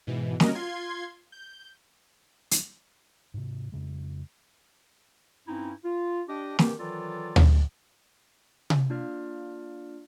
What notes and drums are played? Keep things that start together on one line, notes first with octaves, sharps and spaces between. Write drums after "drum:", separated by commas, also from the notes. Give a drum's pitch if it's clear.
G#2 B2 E3
G3 C#4 F#4 A#4 D#5, drum: snare
F4 C6 G#6
G6
drum: hi-hat
G#2 C3
F2 C#3 G#3
G2 C4 C#4 D#4 E4
F4
D4 G4 D#5
D#3 E3 G4, drum: snare
D#3 E3 F#3 F4 A4 D5
drum: tom D2
drum: tom C3
A#3 D4 F4 D5 F6